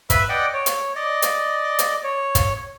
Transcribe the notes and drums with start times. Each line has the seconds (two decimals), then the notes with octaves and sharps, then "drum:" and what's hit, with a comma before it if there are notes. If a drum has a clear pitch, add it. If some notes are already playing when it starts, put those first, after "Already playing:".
0.10 B4 E5 B5 E6, drum: kick, hi-hat
0.29 D5 D#5 F#5 G5
0.54 C#5
0.66 drum: hi-hat
0.95 D5 D#5
1.22 drum: hi-hat
1.79 drum: hi-hat
2.04 C#5
2.35 drum: kick, hi-hat